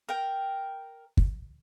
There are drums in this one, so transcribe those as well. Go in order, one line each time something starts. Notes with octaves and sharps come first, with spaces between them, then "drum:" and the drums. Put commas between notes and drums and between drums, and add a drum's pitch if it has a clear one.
A#4 G5
drum: kick